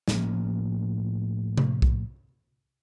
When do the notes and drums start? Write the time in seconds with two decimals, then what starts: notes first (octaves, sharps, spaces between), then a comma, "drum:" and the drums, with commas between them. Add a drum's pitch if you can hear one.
0.08 A2 F3 A#3 C#4, drum: snare
1.58 drum: tom C3
1.82 drum: kick B1